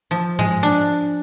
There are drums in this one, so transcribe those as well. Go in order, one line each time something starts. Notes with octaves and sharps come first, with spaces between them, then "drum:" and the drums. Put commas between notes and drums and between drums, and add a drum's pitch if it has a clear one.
F3
G#3, drum: tom G#2
D4